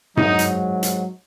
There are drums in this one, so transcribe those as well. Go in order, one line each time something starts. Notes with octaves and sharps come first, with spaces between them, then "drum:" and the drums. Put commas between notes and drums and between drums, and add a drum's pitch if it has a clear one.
G#2 F#3 D#4, drum: tom G2
drum: hi-hat
drum: hi-hat